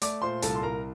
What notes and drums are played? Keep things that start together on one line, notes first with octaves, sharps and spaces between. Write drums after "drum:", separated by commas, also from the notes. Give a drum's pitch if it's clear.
A3 D5 D6, drum: hi-hat
A#2 C5 C6
C2 A4 A5, drum: hi-hat
C6
C2 A#4 A#5